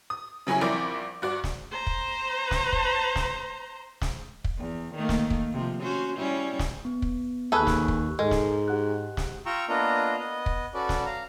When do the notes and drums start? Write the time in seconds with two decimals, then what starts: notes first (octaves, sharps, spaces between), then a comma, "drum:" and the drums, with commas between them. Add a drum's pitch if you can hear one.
0.10 D#6
0.47 C#3 F#3 C#4 E4 G#4
0.61 A#1 G3 C4 E4 A#4 D6
1.22 G2 F#4 D5
1.44 drum: snare
1.71 C5 A#5
1.87 drum: kick
2.51 drum: snare
2.73 drum: kick
3.16 drum: snare
4.01 drum: snare
4.44 drum: kick
4.58 E2
4.95 D#3 A3 A#3
5.09 drum: snare
5.30 drum: kick
5.53 C3 F3
5.82 C#4 F#4 C5
6.16 G3 C#4 E4
6.59 drum: snare
6.85 B3
7.02 drum: kick
7.52 D#2 G#4 A4 B4 C#6 E6 F#6
7.67 drum: snare
7.88 drum: kick
8.19 G#2 G#3 A4 A#4 F6
8.31 drum: snare
8.68 G4 F#5 F#6
9.17 drum: snare
9.46 F4 G5 A#5 C#6 E6
9.69 A#3 B3 D4 F4 D#5 A#5
10.18 B3 D#5
10.46 drum: kick
10.74 C#4 F#4 A4 B4 D5
10.89 drum: snare
11.06 F5 A#5